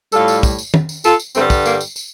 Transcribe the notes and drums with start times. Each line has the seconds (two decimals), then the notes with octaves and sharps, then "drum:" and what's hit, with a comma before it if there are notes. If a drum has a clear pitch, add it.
0.12 A2 G3 F4 A4, drum: tambourine
0.28 drum: tambourine
0.43 drum: kick, tambourine
0.58 drum: tambourine
0.74 drum: tom
0.89 drum: tambourine
1.04 F4 A4, drum: tambourine
1.20 drum: tambourine
1.35 G2 D3 G3 A3 C4, drum: tambourine
1.50 drum: kick, tambourine
1.66 A#3, drum: tambourine
1.81 drum: tambourine
1.96 drum: tambourine